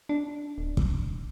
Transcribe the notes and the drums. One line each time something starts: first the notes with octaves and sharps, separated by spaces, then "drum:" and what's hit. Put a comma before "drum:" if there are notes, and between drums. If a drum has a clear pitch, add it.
D4
D1
drum: kick